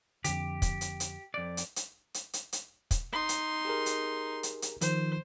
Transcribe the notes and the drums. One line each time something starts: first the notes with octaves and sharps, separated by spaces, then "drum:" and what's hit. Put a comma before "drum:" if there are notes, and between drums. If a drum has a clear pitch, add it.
F2 D3 G4, drum: hi-hat
drum: kick, hi-hat
drum: hi-hat
drum: hi-hat
F2 D5
drum: hi-hat
drum: hi-hat
drum: hi-hat
drum: hi-hat
drum: hi-hat
drum: kick, hi-hat
D#4 C6
drum: hi-hat
G4 G#4 A#4
drum: hi-hat
drum: hi-hat
drum: hi-hat
D#3 F3 C5, drum: hi-hat